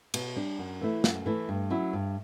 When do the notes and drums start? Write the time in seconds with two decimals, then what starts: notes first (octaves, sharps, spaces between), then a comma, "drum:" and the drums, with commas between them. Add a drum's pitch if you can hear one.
0.14 B2, drum: cymbal
0.36 G3 D4
0.59 F#2
0.81 E3 A3 E4
1.04 F#2, drum: snare
1.26 E3 A3 E4
1.49 G2
1.70 F#3 C#4 E4
1.93 G2